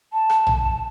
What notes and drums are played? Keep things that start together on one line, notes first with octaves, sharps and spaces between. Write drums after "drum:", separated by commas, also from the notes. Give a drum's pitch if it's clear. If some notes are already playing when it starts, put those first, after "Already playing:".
A5
drum: rim click
drum: tom A#1